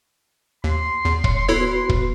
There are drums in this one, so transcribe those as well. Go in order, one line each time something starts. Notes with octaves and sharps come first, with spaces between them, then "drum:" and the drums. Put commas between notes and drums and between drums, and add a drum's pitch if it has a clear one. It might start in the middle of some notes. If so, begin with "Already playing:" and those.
D#2 C6
E2
C#5, drum: kick
B3 E4 F#4 A4 B4 C#5
drum: kick